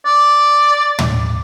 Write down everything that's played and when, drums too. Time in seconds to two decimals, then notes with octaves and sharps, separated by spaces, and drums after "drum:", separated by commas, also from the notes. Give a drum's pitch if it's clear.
0.05 D5
0.99 drum: tom